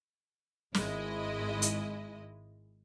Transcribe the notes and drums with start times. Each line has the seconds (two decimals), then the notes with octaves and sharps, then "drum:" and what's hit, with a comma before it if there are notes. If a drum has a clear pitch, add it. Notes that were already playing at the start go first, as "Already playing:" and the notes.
0.74 G#1 G#2 G#3 E4 D#5, drum: snare
1.62 drum: hi-hat